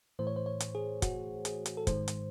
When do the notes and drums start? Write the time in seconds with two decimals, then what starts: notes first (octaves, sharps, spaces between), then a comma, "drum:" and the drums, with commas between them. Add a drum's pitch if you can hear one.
0.19 A2 E3 A3 C5
0.27 C#5
0.36 C5
0.46 C#5
0.60 drum: hi-hat
0.75 G#4
1.02 F#4, drum: kick, hi-hat
1.45 G#4, drum: hi-hat
1.66 drum: hi-hat
1.77 A4
1.87 G#2 D#3 G#3 C5, drum: kick, hi-hat
2.08 drum: hi-hat